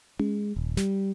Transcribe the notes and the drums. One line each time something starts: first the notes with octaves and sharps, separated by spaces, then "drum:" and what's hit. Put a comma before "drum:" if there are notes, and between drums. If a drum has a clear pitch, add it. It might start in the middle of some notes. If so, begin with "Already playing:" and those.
G#3, drum: tom C#4
D#1
G3, drum: snare